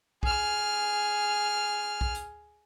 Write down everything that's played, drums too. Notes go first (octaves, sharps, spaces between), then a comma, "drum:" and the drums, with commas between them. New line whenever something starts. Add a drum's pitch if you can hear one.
G#4 F6, drum: kick
drum: kick
drum: hi-hat